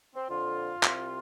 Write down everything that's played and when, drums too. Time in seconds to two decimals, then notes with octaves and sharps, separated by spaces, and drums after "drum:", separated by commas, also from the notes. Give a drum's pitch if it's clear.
0.16 C4
0.30 F2 D3 F4
0.83 C3, drum: clap
0.89 C2